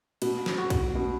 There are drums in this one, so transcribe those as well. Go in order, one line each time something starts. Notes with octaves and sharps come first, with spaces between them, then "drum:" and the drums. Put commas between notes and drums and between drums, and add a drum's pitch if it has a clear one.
B2, drum: cymbal
drum: snare
F#4
drum: kick, cymbal
B2